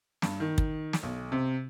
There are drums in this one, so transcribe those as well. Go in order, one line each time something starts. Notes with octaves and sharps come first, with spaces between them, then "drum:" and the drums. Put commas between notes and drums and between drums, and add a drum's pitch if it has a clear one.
G2, drum: snare
D#3
drum: kick
drum: snare
B1
C3